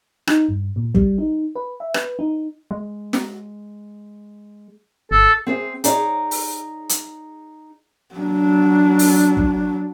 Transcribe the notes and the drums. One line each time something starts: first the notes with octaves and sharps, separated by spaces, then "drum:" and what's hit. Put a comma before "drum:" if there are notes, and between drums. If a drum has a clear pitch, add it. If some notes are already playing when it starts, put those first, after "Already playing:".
D#4, drum: rim click
G2
A#2
G3, drum: kick
D#4
B4
E5
B4, drum: rim click
D#4
G#3
drum: snare
G1 A4
C4 G#4 C5
D#4 G#4 C#5 D5, drum: hi-hat
drum: open hi-hat
drum: hi-hat
F#3 D4
drum: open hi-hat
drum: kick